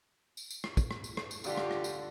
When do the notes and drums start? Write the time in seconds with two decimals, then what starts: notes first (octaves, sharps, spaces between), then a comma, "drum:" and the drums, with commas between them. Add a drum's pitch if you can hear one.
0.37 drum: tambourine
0.51 drum: tambourine
0.64 drum: rim click
0.77 drum: kick, tambourine
0.91 drum: rim click
1.04 drum: tambourine
1.17 drum: rim click
1.31 drum: tambourine
1.44 D3 F4 G4, drum: tambourine
1.57 drum: rim click
1.71 drum: rim click
1.84 drum: tambourine